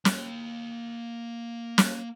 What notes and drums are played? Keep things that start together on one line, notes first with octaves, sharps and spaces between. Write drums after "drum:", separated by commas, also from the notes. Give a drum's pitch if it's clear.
A#3 G5, drum: snare
drum: snare